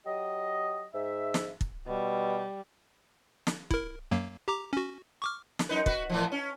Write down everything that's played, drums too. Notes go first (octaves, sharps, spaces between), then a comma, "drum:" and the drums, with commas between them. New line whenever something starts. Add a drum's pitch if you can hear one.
F#3 G4 D#5
G#2 E5
drum: snare
drum: kick
B2 G3
drum: snare
E4 A#4, drum: kick
F#2 F#3 A#3
G4 A#5 D6
C#4 F#4
C#6 D6 F6
drum: snare
F#2 D#4 B4
F#4 B4, drum: kick
A2 E3 F3
C#4